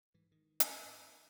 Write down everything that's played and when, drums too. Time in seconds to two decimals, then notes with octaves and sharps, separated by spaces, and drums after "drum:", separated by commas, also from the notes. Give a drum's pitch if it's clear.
0.14 G#2 E3
0.32 D#3
0.60 drum: hi-hat
0.86 G#2